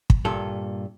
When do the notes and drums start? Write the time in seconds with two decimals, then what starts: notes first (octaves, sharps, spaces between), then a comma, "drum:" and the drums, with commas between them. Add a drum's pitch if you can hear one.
0.10 drum: kick
0.25 G2 A#2 A4